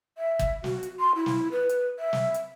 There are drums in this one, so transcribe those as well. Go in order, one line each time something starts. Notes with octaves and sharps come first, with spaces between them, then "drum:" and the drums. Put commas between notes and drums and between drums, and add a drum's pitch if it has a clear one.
E5
drum: kick, hi-hat
F#4, drum: snare
drum: hi-hat
C6
E4
drum: snare
B4
drum: hi-hat
E5
drum: snare
drum: hi-hat